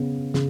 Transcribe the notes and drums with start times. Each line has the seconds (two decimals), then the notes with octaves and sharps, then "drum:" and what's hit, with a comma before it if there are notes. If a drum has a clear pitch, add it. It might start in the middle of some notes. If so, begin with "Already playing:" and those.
Already playing: C#3 B3
0.34 C#3, drum: snare